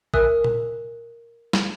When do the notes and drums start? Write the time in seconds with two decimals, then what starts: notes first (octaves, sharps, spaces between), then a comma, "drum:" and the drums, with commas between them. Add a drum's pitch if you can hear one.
0.14 A#4 E5 G#5 D#6 E6 F#6, drum: kick G#1
0.44 drum: tom A#2
1.53 drum: snare